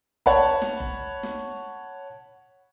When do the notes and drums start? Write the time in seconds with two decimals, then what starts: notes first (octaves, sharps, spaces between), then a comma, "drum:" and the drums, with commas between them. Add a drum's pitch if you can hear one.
0.26 C#5 F#5 A5 B5, drum: kick F#1
0.62 drum: snare
0.80 drum: kick F#1
1.23 drum: snare